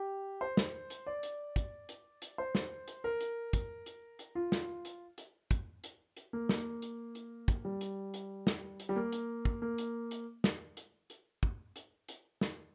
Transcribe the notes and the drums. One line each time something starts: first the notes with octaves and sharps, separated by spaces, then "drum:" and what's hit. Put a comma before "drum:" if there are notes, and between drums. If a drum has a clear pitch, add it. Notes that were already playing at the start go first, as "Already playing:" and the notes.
Already playing: G4
C5
drum: snare
drum: hi-hat
D5
drum: hi-hat
drum: kick, hi-hat
drum: hi-hat
drum: hi-hat
C5
drum: snare
drum: hi-hat
A#4
drum: hi-hat
drum: kick, hi-hat
drum: hi-hat
drum: hi-hat
F4
drum: snare
drum: hi-hat
drum: hi-hat
drum: kick, hi-hat
drum: hi-hat
drum: hi-hat
A#3
drum: snare
drum: hi-hat
drum: hi-hat
drum: kick, hi-hat
G3
drum: hi-hat
drum: hi-hat
drum: snare
drum: hi-hat
G3
A#3
drum: hi-hat
drum: kick
A#3
drum: hi-hat
drum: hi-hat
drum: snare
drum: hi-hat
drum: hi-hat
drum: kick
drum: hi-hat
drum: hi-hat
drum: snare